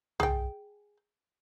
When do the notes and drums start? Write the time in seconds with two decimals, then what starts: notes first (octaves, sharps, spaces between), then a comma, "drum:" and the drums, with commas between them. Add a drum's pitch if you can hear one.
0.20 G#4 G5, drum: tom